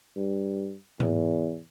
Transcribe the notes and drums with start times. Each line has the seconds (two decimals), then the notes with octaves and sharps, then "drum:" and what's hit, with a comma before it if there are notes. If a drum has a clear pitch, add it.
0.16 G2
1.00 E2, drum: tom G#2